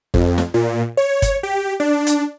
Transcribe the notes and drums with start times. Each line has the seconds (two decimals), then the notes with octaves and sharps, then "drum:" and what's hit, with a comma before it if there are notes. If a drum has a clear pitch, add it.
0.14 F2, drum: kick G1
0.38 drum: snare
0.54 A#2
0.97 C#5
1.22 drum: kick G1, hi-hat
1.43 G4
1.80 D4
2.07 drum: hi-hat